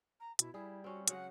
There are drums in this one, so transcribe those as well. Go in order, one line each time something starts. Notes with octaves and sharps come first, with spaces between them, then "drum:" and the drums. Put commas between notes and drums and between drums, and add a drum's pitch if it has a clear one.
A#5
B2 E4, drum: hi-hat
G3 E4 G#4
C4 C#4 F#4
C#3 F#3 G#3 F#5, drum: hi-hat